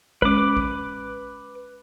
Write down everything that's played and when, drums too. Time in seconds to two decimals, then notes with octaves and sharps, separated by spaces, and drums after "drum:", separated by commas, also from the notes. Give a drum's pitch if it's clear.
0.22 G#3 C#4 B4 D6, drum: kick A#1
0.57 drum: kick A#1